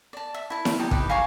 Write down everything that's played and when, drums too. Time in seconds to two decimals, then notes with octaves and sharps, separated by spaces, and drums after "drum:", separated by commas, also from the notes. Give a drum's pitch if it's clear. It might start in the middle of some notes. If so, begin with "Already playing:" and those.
0.13 D5 A5
0.34 E5
0.50 E4 A5
0.65 drum: snare E4
0.78 D#4 G4 A5
0.91 D#4 G4 B4 D6, drum: kick
1.10 F5 G#5 A#5 C#6